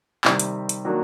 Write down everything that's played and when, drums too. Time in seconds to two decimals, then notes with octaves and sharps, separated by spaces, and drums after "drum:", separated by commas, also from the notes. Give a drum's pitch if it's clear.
0.25 C3 D#3 G3, drum: clap
0.39 drum: hi-hat
0.69 drum: hi-hat
0.85 D#3 F#3 A#3 D4